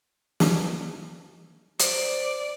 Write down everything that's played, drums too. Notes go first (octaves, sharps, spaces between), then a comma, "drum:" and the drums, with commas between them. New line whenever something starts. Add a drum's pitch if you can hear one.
drum: snare
C5 D5, drum: hi-hat